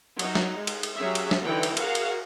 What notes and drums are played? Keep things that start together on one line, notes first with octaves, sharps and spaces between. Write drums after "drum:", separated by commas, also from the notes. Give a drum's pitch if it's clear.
F#3 D#4, drum: cymbal
drum: snare
G#3
drum: cymbal
drum: cymbal
F#3 C#4 G4 G#4 E5
drum: cymbal
drum: snare
D3 E3 F#3 D#4 G5
drum: cymbal
F#4 G#4 A#4 F5 F#5, drum: cymbal
drum: cymbal